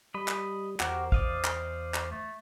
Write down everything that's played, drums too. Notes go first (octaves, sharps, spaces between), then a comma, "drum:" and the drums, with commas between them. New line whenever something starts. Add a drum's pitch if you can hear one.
G3 D#5 B5
drum: clap
E2 F#4 G4 A#4 C5, drum: clap
D5 D#5 F5, drum: kick A1
drum: clap
drum: clap
A3